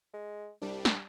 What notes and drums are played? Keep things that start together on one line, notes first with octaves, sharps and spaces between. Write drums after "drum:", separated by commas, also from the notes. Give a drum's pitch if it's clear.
G#3
C2 G3 D4
drum: snare